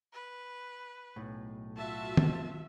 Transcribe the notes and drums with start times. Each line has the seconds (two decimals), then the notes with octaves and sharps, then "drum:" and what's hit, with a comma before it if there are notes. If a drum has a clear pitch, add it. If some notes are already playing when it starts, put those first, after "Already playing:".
0.13 B4
1.16 B1 A2
1.77 F4 F#4 E5 A5
2.17 drum: tom